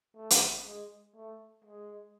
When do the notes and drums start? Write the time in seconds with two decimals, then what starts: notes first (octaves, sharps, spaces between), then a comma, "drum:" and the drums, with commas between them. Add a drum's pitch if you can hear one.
0.16 A3
0.30 drum: hi-hat
0.66 G#3
1.16 A3
1.64 G#3